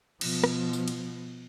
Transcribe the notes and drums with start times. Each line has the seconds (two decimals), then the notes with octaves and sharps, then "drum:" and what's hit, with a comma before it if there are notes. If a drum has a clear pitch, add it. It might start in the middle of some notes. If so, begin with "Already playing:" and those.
0.21 B2 F3, drum: cymbal
0.44 drum: rim click
0.73 drum: tambourine
0.88 drum: cymbal